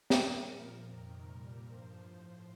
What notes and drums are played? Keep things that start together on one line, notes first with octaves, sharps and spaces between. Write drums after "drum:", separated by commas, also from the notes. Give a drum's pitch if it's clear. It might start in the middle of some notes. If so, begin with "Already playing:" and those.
A#2 G3 A#4, drum: snare
A#2 F3
F2 C3 D#3
A#2 G3
G2 F3 C5
A2 F3 C5